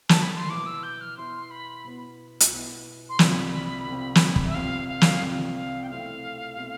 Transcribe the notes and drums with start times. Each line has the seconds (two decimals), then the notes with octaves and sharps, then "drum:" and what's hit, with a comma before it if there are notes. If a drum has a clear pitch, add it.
0.09 A5, drum: snare
0.22 B5
0.36 C6
0.49 B2 B3 E4 D6
0.66 E6
0.83 G6
1.01 F6
1.17 B2 B3 E4 C6
1.51 B5
1.84 B2 B3 E4
2.40 drum: hi-hat
2.52 B2 B3 E4
3.09 C6
3.19 C2 C3 F3 C4 B5, drum: snare
3.87 C2 C3 F3 C4
4.15 drum: snare
4.36 drum: kick
4.45 E5
4.55 C2 C3 F3 C4 F5
4.88 F5
5.01 drum: snare
5.22 C2 C3 F3 C4
5.55 F5
5.83 G5
5.89 B2 A3 C4 E4 F5
6.57 B2 A3 C4 E4